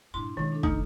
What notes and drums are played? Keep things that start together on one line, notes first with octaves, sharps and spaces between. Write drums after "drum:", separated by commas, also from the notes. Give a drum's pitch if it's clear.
G2 A#2 D4 E4 C6
B2 D#3 G#3 D#4 C#5
D4 A4
F1 A3 D#4 F6, drum: kick